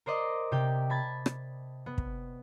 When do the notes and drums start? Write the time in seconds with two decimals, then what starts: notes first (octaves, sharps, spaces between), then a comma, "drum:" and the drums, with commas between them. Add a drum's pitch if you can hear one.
0.06 A#4 C5 D5 D#5
0.52 C3 G4 G6
0.90 A5 B5 G#6 A6
1.26 drum: rim click
1.86 B3
1.98 drum: kick